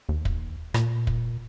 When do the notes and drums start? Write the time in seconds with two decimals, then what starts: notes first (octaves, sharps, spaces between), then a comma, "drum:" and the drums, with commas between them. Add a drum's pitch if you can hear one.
0.09 D#2
0.25 drum: kick
0.74 A#2, drum: rim click
1.07 drum: kick